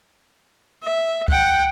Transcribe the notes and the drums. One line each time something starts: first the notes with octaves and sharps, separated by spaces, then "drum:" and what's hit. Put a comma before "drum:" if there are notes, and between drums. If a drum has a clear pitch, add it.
E5
F#5 G5, drum: kick C#2